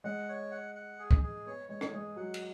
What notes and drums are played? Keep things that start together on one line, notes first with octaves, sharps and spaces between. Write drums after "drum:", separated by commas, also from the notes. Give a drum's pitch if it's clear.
G#3 F#5
C#5
F#5
F#5
G#4
drum: kick
G#4
B3 C#5
G#3 C#5
drum: rim click
G#3 G#4
F#3 F#5
drum: cymbal